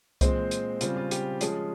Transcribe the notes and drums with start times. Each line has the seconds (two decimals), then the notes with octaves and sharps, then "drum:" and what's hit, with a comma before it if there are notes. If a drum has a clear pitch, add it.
0.21 A#2 G#3 C4 C5, drum: kick C2, hi-hat
0.51 drum: hi-hat
0.81 C#3 G3 C4 F4, drum: hi-hat
0.97 F4
1.11 G4, drum: hi-hat
1.41 F3 G#3 C#4 G#4, drum: hi-hat